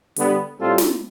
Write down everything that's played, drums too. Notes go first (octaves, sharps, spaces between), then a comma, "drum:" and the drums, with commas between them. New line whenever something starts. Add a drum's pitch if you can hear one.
D3 G3 B3, drum: hi-hat
A2 G3 C4 F4 A4
drum: snare